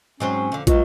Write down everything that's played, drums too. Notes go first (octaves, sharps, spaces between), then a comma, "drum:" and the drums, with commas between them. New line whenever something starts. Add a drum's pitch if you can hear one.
G#2 F#3 C4 C#4
F2 D3
C#2 F#3 F4, drum: kick, hi-hat